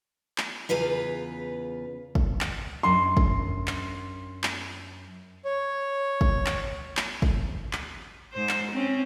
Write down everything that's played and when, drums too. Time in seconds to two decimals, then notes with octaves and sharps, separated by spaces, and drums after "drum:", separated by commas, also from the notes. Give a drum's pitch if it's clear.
0.38 drum: clap
0.69 E2 C#3 F4 B4 F5
2.15 drum: kick
2.41 drum: clap
2.83 F#2 D4 C6
3.17 drum: kick
3.67 drum: clap
4.43 drum: clap
5.45 C#5
6.21 drum: kick
6.46 drum: clap
6.97 drum: clap
7.22 drum: kick
7.73 drum: clap
8.33 G#2 C5
8.49 drum: clap
8.72 C4 C#4